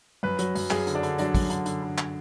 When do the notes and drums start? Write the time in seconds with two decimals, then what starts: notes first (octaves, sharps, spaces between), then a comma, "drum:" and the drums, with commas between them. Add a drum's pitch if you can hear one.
0.23 F#2 B4
0.39 F#3, drum: hi-hat
0.55 F#2, drum: open hi-hat
0.70 F#2 G#4, drum: clap
0.87 D3, drum: hi-hat
0.95 D4
1.03 D3, drum: hi-hat
1.18 F#3 D4, drum: hi-hat
1.35 F#2, drum: kick, open hi-hat
1.50 D3, drum: hi-hat
1.66 D3, drum: hi-hat
1.83 D3
1.98 drum: clap